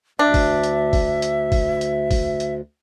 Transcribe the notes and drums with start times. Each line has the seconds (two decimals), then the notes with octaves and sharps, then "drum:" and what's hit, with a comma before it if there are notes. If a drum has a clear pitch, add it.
0.19 D2 D4 E5
0.34 drum: kick, open hi-hat
0.63 drum: hi-hat
0.93 drum: kick, open hi-hat
1.22 drum: hi-hat
1.52 drum: kick, open hi-hat
1.81 drum: hi-hat
2.11 drum: kick, open hi-hat
2.40 drum: hi-hat